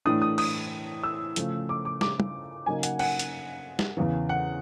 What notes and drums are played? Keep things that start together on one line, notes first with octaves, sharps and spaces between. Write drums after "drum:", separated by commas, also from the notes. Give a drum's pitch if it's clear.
A2 E3 A3 D4 D#6
D#6
D#6, drum: cymbal
E6
C#3 F3 A3, drum: hi-hat
D6
D6
D6, drum: snare
drum: tom
C#3 F#3 A#3 D#4 G#5
F#5, drum: hi-hat
F#5, drum: cymbal
drum: hi-hat
drum: snare
E2 C#3 E3
F#5